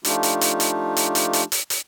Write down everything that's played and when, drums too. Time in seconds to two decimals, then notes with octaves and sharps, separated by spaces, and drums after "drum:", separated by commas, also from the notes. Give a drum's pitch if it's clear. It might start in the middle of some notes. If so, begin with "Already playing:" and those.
0.05 F3 A3 D4 D#4 F4 G4, drum: hi-hat
0.23 drum: hi-hat
0.41 drum: hi-hat
0.60 drum: hi-hat
0.97 drum: hi-hat
1.15 drum: hi-hat
1.33 drum: hi-hat
1.52 drum: hi-hat
1.70 drum: hi-hat